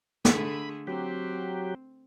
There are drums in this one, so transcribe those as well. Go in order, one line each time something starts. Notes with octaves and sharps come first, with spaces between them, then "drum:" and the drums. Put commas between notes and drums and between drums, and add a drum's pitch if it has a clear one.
D3 A3 G#4 B5, drum: snare
F#3 C4 G4